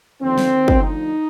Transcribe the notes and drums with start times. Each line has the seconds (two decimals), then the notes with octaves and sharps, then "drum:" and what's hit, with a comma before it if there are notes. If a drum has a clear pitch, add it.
0.22 D#2 D3 F3 C4
0.38 drum: snare
0.52 D#2 D#3
0.68 drum: kick
0.82 D2 D3 F3 D#4